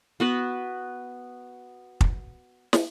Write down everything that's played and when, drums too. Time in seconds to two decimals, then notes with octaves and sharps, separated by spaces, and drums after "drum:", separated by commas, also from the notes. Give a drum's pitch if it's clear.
0.20 B3 F#4 B4
2.01 drum: kick
2.73 drum: snare